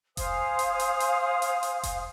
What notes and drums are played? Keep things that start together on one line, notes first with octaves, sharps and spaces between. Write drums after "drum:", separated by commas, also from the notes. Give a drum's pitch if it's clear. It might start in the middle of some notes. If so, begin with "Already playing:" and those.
C5 F5 G#5 D#6, drum: kick F1, hi-hat
drum: hi-hat
drum: hi-hat
drum: hi-hat
drum: hi-hat
drum: hi-hat
drum: kick F1, hi-hat